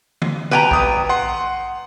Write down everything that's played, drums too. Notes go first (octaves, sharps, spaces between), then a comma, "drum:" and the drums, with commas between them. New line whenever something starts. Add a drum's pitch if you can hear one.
drum: tom D3
B4 G5 A#5
G#1 D#6, drum: kick A#1
F#5 C6